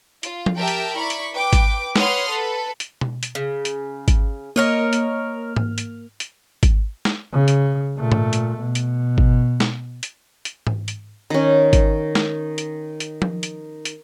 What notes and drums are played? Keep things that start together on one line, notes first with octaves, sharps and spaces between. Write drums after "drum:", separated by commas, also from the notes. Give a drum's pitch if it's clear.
F4, drum: hi-hat
drum: tom F3
G4 A#4 E5 G5 A5
drum: hi-hat
E4 D5 B5 C#6
drum: hi-hat
B4 G5 D6
drum: kick G#1, hi-hat
B4 C#5 F#5 C6 D#6 F6, drum: snare
A4 B4
drum: hi-hat
drum: tom B2
drum: hi-hat
C#3
drum: hi-hat
drum: kick G#1, hi-hat
A#3 A#4 C#5 D#5 F6
drum: hi-hat
drum: tom G#2
drum: hi-hat
drum: hi-hat
drum: kick G#1, hi-hat
drum: snare
C#3
drum: hi-hat
A#2 A3
drum: tom G#2
drum: hi-hat
B2
drum: hi-hat
drum: kick G#1
drum: snare
drum: hi-hat
drum: hi-hat
drum: tom G#2
drum: hi-hat
D#3 C#4
drum: kick G#1, hi-hat
drum: snare
drum: hi-hat
drum: hi-hat
drum: tom F3
drum: hi-hat
drum: hi-hat